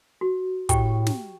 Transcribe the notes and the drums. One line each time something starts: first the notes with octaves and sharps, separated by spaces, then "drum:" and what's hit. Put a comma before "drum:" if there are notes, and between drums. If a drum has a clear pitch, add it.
F#4
A2 G4 G5 C#6, drum: kick, hi-hat
drum: snare